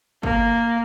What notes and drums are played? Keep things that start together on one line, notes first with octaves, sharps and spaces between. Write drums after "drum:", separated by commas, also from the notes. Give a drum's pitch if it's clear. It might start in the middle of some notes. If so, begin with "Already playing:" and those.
A#3, drum: kick G1